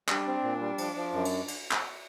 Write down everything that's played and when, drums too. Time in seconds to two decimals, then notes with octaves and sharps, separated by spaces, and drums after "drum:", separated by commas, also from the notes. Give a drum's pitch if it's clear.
0.08 G3 D4, drum: clap
0.27 C4
0.43 A#2
0.61 G3
0.78 F3, drum: cymbal
0.96 F3
1.13 F#2
1.25 drum: cymbal
1.48 drum: cymbal
1.71 drum: clap